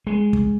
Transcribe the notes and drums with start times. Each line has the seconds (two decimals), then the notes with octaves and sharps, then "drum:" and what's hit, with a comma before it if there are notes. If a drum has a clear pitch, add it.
0.07 G#3
0.33 drum: kick